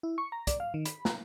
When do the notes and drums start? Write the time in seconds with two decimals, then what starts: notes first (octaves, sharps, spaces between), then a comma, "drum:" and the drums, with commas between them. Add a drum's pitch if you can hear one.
0.03 E4
0.18 C#6
0.32 A#5
0.47 D5, drum: kick, hi-hat
0.60 F5
0.74 D#3
0.85 B5, drum: hi-hat
1.05 A#5, drum: snare